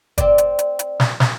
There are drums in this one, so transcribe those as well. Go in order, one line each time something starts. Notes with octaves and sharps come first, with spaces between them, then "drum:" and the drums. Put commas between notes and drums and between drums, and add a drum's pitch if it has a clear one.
C4 D5, drum: kick, hi-hat
drum: hi-hat
drum: hi-hat
drum: hi-hat
drum: snare
drum: snare